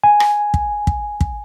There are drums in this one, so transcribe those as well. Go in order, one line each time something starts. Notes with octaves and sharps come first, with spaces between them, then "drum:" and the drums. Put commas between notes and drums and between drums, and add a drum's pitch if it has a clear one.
G#5
drum: rim click
drum: kick
drum: kick
drum: kick